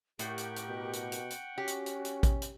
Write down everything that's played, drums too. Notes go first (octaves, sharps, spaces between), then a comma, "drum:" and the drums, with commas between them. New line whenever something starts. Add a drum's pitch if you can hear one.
A2 G4 A#4 F#5 G5 C#6, drum: hi-hat
drum: hi-hat
drum: hi-hat
B2
drum: hi-hat
drum: hi-hat
drum: hi-hat
C#4 F#4 G4
drum: hi-hat
drum: hi-hat
drum: hi-hat
drum: kick A1, hi-hat
drum: hi-hat